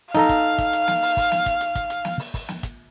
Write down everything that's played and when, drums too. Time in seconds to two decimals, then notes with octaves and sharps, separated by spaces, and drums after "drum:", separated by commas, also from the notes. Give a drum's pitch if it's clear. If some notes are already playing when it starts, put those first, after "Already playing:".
0.15 D#4 A4 F5 A#5, drum: snare
0.29 drum: kick, hi-hat
0.58 drum: kick, hi-hat
0.73 drum: hi-hat
0.88 drum: snare
1.02 drum: open hi-hat
1.17 drum: kick, open hi-hat
1.32 drum: snare
1.46 drum: kick, hi-hat
1.61 drum: hi-hat
1.75 drum: kick, hi-hat
1.90 drum: hi-hat
2.05 drum: snare
2.19 drum: open hi-hat
2.34 drum: kick, open hi-hat
2.49 drum: snare
2.63 drum: kick, hi-hat